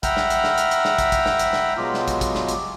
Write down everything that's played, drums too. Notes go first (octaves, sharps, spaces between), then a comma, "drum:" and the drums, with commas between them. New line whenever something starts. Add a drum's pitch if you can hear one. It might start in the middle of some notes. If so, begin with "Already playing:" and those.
E5 F#5 G5 A#5 B5 F6, drum: kick, hi-hat
drum: snare
drum: hi-hat
drum: snare
drum: hi-hat
drum: hi-hat
drum: snare
drum: kick, hi-hat
drum: kick, hi-hat
drum: snare
drum: hi-hat
drum: snare
B2 F#3 G#3 B3 F4 G4
drum: snare
drum: kick, hi-hat
drum: kick, hi-hat
drum: snare
drum: hi-hat